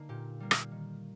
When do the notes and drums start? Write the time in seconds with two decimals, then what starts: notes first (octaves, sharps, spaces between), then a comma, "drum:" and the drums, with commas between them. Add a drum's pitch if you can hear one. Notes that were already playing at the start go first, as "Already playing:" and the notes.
Already playing: D3 A#3 D#4
0.09 A#2 G4
0.40 G3 A#3
0.51 drum: rim click
0.71 D#3